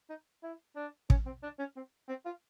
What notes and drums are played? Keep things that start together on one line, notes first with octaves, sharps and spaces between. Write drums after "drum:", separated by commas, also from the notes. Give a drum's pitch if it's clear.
D#4
E4
D4
C#4, drum: kick
C4
D4
C#4
C4
C4
F4